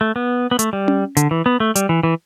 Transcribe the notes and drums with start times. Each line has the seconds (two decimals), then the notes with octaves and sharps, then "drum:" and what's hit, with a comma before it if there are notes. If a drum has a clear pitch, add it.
0.01 A3
0.16 B3
0.51 B3
0.59 A3, drum: hi-hat
0.73 G3
0.88 drum: tom C#4
1.17 D3, drum: hi-hat
1.31 E3
1.46 B3
1.60 A3
1.76 G3, drum: hi-hat
1.89 E3
2.03 E3